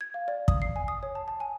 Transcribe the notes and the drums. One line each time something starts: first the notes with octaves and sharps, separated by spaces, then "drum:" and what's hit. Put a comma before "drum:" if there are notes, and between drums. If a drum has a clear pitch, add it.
G#6
F5
D5
D#6, drum: kick
C7
G#5
D#6
C#5
A5
A5
G#5